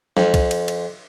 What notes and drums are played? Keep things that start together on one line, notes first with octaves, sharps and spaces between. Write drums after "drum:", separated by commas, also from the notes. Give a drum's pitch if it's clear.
F2, drum: snare
drum: kick, cymbal
drum: cymbal
drum: cymbal